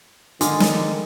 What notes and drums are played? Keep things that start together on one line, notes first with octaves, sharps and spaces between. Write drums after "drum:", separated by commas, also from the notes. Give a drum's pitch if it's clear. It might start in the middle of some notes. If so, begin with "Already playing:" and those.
D3 D#3 G#3 D#4, drum: hi-hat
drum: snare